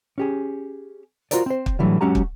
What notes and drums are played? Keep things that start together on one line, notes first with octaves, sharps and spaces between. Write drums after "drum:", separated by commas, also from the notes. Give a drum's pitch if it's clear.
C#4 G4 G#4
F4 F#4 A#4 C5 D5, drum: hi-hat
C4 C5
drum: kick
A2 D3 E3 F#3 G3
F#3 G#3 C#4 F#4 G4 A#5
drum: kick